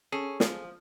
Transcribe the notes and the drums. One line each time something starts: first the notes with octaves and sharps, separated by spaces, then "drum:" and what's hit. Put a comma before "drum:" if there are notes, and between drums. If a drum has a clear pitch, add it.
C#4 G#4 A4
F3, drum: snare